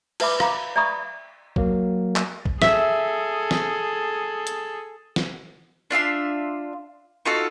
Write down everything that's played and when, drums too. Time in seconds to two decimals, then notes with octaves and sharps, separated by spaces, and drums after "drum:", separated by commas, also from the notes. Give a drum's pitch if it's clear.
0.20 E4 B4 E5 B5 D6, drum: cymbal
0.40 F5 A#5 B5 D6, drum: rim click
0.76 D5 E5 A#5 B5 C#6 D#6
1.56 F#3 A#3, drum: kick
2.16 drum: clap
2.45 drum: kick
2.62 G#4 A4 E5, drum: snare
3.51 drum: snare
4.47 drum: hi-hat
5.16 drum: snare
5.91 D4 F4 E5 C6
7.25 D#4 F4 F#4 A4